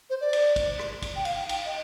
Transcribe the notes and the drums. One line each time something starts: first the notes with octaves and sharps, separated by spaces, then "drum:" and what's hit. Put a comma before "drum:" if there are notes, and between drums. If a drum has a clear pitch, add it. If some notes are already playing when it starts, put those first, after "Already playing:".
C5
D5
drum: cymbal
drum: kick, cymbal
drum: rim click
drum: kick, cymbal
G5
F5, drum: cymbal
G5, drum: cymbal
D#5